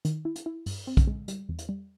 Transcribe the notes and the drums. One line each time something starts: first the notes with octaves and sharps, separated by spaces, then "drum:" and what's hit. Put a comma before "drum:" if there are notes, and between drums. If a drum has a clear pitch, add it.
D#3, drum: hi-hat
E4
drum: hi-hat
E4
G2, drum: open hi-hat
C4
drum: kick, hi-hat
G#3
G3, drum: hi-hat
E2
drum: hi-hat
G3